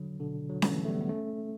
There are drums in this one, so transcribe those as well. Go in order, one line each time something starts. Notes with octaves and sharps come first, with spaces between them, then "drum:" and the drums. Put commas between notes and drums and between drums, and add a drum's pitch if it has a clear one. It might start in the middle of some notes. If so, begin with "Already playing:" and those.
Already playing: D3 F#3
B2 D3
D3 F#3
A3, drum: snare C#4
E3 G3
A3
G3 B3
B3
A3 C#4